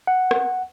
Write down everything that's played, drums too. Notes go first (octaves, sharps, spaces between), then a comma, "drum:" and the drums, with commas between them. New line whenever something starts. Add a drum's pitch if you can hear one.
F#5
drum: rim click